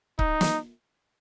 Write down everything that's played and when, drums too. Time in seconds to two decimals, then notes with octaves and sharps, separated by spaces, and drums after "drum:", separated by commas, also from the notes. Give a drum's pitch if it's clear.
0.19 D#4, drum: kick C#1
0.41 drum: snare